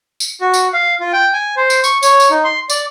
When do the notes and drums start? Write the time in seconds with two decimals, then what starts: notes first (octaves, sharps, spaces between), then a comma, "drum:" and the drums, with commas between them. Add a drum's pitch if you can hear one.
0.20 drum: tambourine
0.41 F#4
0.54 drum: tambourine
0.73 F5
1.00 F4
1.13 G5
1.33 G#5
1.57 C5
1.70 drum: tambourine
1.84 C#6, drum: tambourine
2.03 C#5, drum: tambourine
2.20 drum: tambourine
2.30 D#4
2.44 C6
2.70 D5, drum: tambourine